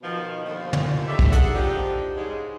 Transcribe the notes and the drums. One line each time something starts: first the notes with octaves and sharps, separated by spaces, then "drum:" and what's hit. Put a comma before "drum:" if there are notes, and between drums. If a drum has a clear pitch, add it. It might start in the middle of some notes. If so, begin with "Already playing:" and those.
B2 D#3 F3
D#2 D3 D#3 F3
drum: tom
D#4 G4 A4 C#5 D5 E5
drum: kick
A#3 G#4 A4 F#5, drum: hi-hat
D3 F3 D4 D#4 G4
G#2 C#3 G#3